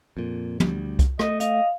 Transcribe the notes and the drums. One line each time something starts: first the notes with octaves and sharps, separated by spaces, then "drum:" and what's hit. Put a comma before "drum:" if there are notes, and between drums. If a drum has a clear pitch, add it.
F2 A#2
D2 G3, drum: tom
drum: kick C2, hi-hat
A3 D#5, drum: rim click
D#5 F5, drum: hi-hat